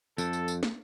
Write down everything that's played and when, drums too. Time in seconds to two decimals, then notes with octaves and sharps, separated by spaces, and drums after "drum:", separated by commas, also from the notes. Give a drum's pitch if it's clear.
0.18 F2 A4, drum: tambourine
0.33 drum: tambourine
0.48 drum: tambourine
0.63 drum: snare